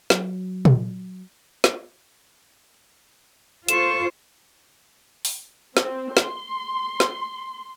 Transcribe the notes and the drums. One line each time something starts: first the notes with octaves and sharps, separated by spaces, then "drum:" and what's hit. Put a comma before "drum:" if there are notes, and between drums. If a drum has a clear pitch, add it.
F#3, drum: snare
drum: tom A#2
drum: snare
F4 A4 C5 C#6 E7, drum: hi-hat
drum: open hi-hat
C4, drum: snare
C6, drum: snare
drum: snare